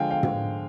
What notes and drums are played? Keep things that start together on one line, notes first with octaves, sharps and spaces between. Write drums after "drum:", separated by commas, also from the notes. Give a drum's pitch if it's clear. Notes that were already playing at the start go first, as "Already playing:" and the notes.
Already playing: D3 F3 G#3 F5 G5 G#5
F5 G5
drum: tom